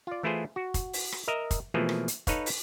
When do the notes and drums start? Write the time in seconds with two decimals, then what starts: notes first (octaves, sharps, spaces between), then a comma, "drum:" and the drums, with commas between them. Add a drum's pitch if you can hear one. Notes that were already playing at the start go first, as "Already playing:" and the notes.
0.07 F4 D5
0.23 E3 A3 E4 F4 G#4 C5
0.56 F#4
0.74 drum: kick, hi-hat
0.93 drum: open hi-hat
1.12 drum: rim click
1.28 A#4 D#5 E5 A#5
1.51 drum: kick, hi-hat
1.74 B2 E3 F3 A3 A#3 G#4
1.89 drum: rim click
2.08 drum: hi-hat
2.27 D#4 A4 B4 C#5 F5, drum: kick, hi-hat
2.46 drum: open hi-hat